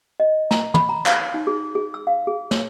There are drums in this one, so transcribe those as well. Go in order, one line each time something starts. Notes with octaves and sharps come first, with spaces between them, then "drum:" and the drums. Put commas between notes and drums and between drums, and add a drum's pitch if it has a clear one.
D#5
A#5, drum: snare
B5, drum: tom
A#5
F5, drum: clap
D#4
G#4
G#4
E6
F5
G#4
C#5, drum: snare